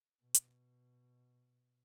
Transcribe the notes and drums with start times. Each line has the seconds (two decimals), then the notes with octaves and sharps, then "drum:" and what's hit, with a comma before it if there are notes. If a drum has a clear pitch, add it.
0.21 B2
0.34 drum: hi-hat